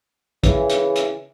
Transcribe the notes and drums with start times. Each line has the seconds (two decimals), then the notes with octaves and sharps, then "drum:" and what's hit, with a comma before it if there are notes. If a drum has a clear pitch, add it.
0.44 C#3 E3, drum: kick, hi-hat
0.70 drum: hi-hat
0.96 drum: hi-hat